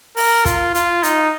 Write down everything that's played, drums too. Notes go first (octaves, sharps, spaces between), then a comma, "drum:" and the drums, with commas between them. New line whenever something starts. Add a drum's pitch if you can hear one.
A#4, drum: open hi-hat
F4, drum: kick, hi-hat
F4, drum: hi-hat
D#4, drum: hi-hat